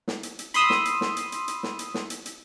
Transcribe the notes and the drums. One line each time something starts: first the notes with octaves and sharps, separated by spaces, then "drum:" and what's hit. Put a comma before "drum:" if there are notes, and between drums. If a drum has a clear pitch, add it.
drum: snare
drum: hi-hat
drum: hi-hat
B5 C6 D#6 E6, drum: hi-hat
drum: snare
drum: hi-hat
drum: snare
drum: hi-hat
drum: hi-hat
drum: hi-hat
drum: snare
drum: hi-hat
drum: snare
drum: hi-hat
drum: hi-hat